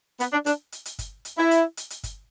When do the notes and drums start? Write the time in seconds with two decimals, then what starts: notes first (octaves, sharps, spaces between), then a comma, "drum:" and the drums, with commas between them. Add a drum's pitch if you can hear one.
0.20 B3, drum: hi-hat
0.33 D4
0.46 D4, drum: hi-hat
0.72 drum: hi-hat
0.85 drum: hi-hat
0.99 drum: kick G1, hi-hat
1.25 drum: hi-hat
1.38 E4
1.51 drum: hi-hat
1.77 drum: hi-hat
1.90 drum: hi-hat
2.03 drum: kick G1, hi-hat